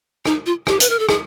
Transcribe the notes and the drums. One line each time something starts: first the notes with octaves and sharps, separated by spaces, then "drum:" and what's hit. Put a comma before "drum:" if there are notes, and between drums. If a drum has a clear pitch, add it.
D#4, drum: rim click
F4
G4, drum: rim click
B4, drum: hi-hat
A#4
A4
G#4, drum: rim click